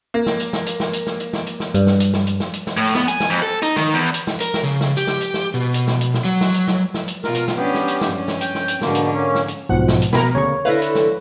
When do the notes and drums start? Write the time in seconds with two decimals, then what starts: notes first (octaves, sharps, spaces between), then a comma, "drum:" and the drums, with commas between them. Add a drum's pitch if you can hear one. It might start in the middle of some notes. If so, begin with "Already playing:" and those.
0.14 A#3
0.26 drum: snare
0.40 drum: hi-hat
0.53 drum: snare
0.66 drum: hi-hat
0.80 drum: snare
0.93 drum: hi-hat
1.07 drum: snare
1.20 drum: hi-hat
1.33 drum: snare
1.47 drum: hi-hat
1.60 drum: snare
1.74 G2, drum: hi-hat
1.87 drum: snare
2.00 drum: hi-hat
2.13 drum: snare
2.27 drum: hi-hat
2.40 drum: snare
2.54 drum: hi-hat
2.67 drum: snare
2.77 A2
2.95 B3, drum: snare
3.08 G#5, drum: hi-hat
3.20 drum: snare
3.30 F2
3.42 A4
3.63 D#4, drum: hi-hat
3.76 D#3, drum: snare
3.94 E2
4.14 drum: hi-hat
4.27 drum: snare
4.41 A#4, drum: hi-hat
4.54 drum: snare
4.63 C#3
4.81 drum: snare
4.97 G4, drum: hi-hat
5.07 drum: snare
5.21 drum: hi-hat
5.34 drum: snare
5.54 B2
5.74 drum: hi-hat
5.88 drum: snare
6.01 drum: hi-hat
6.14 drum: snare
6.25 F#3
6.41 drum: snare
6.54 drum: hi-hat
6.68 drum: snare
6.94 drum: snare
7.08 drum: hi-hat
7.24 B2 F4 A#4, drum: snare
7.34 drum: hi-hat
7.48 drum: snare
7.57 B3 C#4 D4 G4
7.75 drum: snare
7.88 drum: hi-hat
8.01 drum: snare
8.10 G2 C#4
8.28 drum: snare
8.41 G5, drum: hi-hat
8.55 drum: snare
8.68 drum: hi-hat
8.81 G#2 B2 D3 A#3, drum: snare
8.95 drum: hi-hat
9.14 A#3 C#4
9.35 drum: snare
9.48 drum: hi-hat
9.69 B1 G#2 B2 F3 F#5
9.88 drum: snare
10.02 drum: hi-hat
10.13 B2 A#3 B3 A#4 A#5 B5, drum: snare
10.35 D2 C#3 C#5 C#6
10.65 D3 E4 B4 F5 A#6
10.82 drum: hi-hat
10.95 drum: snare